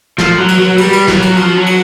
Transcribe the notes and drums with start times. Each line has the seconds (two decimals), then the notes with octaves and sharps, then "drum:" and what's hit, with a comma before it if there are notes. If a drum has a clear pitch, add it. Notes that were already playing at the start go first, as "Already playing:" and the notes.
0.18 F3, drum: snare
0.38 F#3
0.48 drum: cymbal
0.59 F#3
0.78 G3, drum: cymbal
0.93 drum: cymbal
1.08 F#3, drum: snare
1.22 drum: cymbal
1.36 F3, drum: cymbal
1.57 F#3
1.66 drum: cymbal